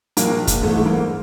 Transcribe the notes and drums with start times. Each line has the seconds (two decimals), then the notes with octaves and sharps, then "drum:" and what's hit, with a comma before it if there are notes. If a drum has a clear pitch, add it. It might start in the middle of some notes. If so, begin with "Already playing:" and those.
0.17 A#1 A#3, drum: hi-hat
0.47 drum: kick, hi-hat
0.63 G#2 E3 A3
0.86 A#3